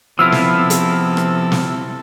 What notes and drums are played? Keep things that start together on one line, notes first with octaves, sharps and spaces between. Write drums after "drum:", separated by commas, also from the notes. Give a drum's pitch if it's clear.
C3 F3 B3 E4 A4 E6 F6
drum: snare
drum: hi-hat
drum: rim click
drum: snare